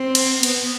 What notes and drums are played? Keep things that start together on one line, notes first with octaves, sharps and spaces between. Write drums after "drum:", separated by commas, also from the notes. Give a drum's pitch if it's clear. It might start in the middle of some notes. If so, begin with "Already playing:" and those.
Already playing: C4
drum: cymbal
B3, drum: cymbal